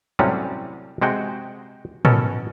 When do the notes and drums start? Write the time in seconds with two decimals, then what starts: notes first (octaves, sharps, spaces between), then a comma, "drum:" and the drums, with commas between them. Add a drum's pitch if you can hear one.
0.19 A2 C3 F#3 G3 C#4
1.02 C3 G#3 F#4 G5
2.05 B2 C#4 A4 A#4, drum: tom